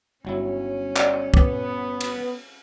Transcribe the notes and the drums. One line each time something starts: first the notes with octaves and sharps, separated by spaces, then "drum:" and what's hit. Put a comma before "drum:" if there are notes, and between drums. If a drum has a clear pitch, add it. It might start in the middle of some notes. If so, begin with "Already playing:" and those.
G1 F#3 C#4 E4
D5 D#5, drum: clap
B3 D6, drum: kick
drum: cymbal